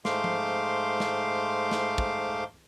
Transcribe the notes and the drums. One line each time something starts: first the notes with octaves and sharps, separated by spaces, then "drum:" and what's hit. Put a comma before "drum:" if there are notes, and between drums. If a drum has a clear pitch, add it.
G#2 A3 C5 F5 C6 D6, drum: snare
drum: tom F3
drum: snare
drum: snare
drum: kick